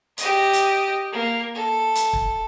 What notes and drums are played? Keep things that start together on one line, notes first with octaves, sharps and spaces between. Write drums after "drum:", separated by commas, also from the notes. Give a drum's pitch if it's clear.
G4 D#5, drum: hi-hat
drum: hi-hat
A#3
A4
drum: hi-hat
drum: kick